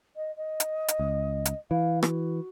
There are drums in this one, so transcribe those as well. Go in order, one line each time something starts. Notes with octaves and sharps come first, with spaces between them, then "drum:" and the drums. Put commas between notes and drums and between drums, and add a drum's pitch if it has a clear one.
D#5
D#5
drum: hi-hat
drum: hi-hat
C#2
drum: hi-hat
E3 F5
F#4, drum: rim click